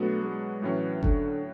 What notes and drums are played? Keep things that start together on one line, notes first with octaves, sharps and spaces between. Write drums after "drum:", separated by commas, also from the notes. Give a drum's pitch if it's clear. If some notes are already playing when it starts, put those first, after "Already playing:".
Already playing: B2 F#3 A3 B3 D4 F#4
G#3
A2 E3 F#3 C#4
D3, drum: kick F#1